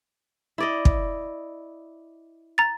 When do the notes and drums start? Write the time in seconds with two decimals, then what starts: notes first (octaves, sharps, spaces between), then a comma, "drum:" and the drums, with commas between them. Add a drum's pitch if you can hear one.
0.58 E4 D5 D#5
0.85 drum: kick
2.58 A#5 A6